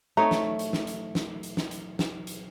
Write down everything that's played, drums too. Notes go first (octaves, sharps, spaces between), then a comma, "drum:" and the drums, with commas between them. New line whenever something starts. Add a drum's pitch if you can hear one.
A3 C4 D#4 C#5 A#5
drum: snare
drum: hi-hat
drum: snare
drum: hi-hat
drum: snare
drum: hi-hat
drum: snare
drum: hi-hat
drum: snare
drum: hi-hat